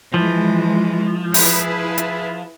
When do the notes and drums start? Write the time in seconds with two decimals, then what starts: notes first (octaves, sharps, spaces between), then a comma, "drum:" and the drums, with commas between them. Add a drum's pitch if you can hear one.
0.14 E3 F3 G#3
1.34 E4 G#4 B4, drum: open hi-hat
1.98 drum: hi-hat